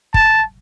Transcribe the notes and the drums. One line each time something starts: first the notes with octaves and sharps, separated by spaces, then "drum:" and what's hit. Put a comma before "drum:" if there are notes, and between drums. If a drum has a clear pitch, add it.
A5, drum: kick